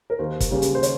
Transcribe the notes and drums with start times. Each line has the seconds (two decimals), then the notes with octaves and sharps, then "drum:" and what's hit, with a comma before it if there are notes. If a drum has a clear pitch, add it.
0.10 A#4
0.19 D#2 C5
0.40 drum: kick, hi-hat
0.51 C#3 G3 A#3
0.62 drum: hi-hat
0.75 C5
0.83 C#5, drum: hi-hat